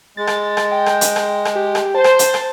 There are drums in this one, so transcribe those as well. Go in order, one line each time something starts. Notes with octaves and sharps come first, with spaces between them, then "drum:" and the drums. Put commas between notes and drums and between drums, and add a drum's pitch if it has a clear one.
G#3 A6
drum: rim click
drum: rim click
G5
drum: rim click
drum: hi-hat
drum: rim click
drum: rim click
G4
drum: rim click
C5 A5
drum: rim click
drum: hi-hat
drum: rim click